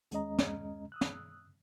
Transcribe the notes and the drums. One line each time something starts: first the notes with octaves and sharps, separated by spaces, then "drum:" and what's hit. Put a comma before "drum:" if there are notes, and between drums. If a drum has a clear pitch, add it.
D#2 G#3 C#4 D#5 A#5, drum: hi-hat
drum: snare
D#6 E6 F#6
drum: snare